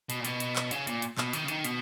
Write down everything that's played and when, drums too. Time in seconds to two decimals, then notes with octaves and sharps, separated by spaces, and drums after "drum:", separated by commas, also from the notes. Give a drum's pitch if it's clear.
0.10 B2, drum: hi-hat
0.21 A#2
0.25 B2, drum: hi-hat
0.40 drum: hi-hat
0.56 drum: clap
0.71 C#3, drum: hi-hat
0.87 A#2, drum: hi-hat
1.02 drum: hi-hat
1.18 B2, drum: clap
1.33 D#3, drum: hi-hat
1.44 C#3
1.48 D#3, drum: hi-hat
1.64 B2, drum: hi-hat